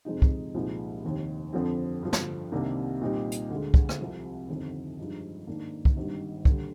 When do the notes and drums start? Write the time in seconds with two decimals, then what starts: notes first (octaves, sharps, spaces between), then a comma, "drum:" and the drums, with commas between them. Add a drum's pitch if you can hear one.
0.05 F2 C3 F3 G#3 D#4
0.22 drum: kick
0.54 C2 A#2 F3 G#3 D#4
1.04 F1 D#2 D#3
1.53 F2 D3 F3 C4
2.03 G2 D3 F3
2.13 drum: snare
2.52 C2 C3 D#3 A#3 D4
3.01 A#2 G3 C4 D#4 G4
3.32 drum: hi-hat
3.50 D2 D3 G#3
3.74 drum: kick
3.89 drum: rim click
4.00 C2 C3 F3 C4
4.49 G1 F2 D#3
4.98 G2 F3 G#3 D#4
5.47 G#2 D#3 A#3 D4
5.85 drum: kick
5.97 G#1 G2 D#3 G3
6.45 D#2 D3 G3, drum: kick